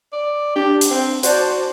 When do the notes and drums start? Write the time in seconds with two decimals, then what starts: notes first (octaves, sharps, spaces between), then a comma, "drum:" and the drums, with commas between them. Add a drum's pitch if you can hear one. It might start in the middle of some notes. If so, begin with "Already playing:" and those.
0.13 D5
0.56 D4 G4
0.81 drum: hi-hat
0.91 C4
1.23 F#4 C5 D5 A5, drum: hi-hat